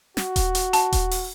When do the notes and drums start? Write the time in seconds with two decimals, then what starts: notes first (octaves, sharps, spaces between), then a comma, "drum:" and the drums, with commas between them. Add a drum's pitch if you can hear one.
0.17 F#4, drum: snare
0.36 drum: kick D#1, hi-hat
0.55 drum: hi-hat
0.73 A5, drum: hi-hat
0.92 drum: kick D#1, hi-hat
1.11 drum: open hi-hat